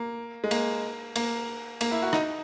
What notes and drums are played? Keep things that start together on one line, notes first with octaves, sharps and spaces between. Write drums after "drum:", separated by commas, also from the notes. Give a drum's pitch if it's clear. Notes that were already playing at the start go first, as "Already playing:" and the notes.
Already playing: A#3
G#3
A#3, drum: cymbal
A#3, drum: cymbal
A#3, drum: cymbal
E4
F#4
D#4, drum: rim click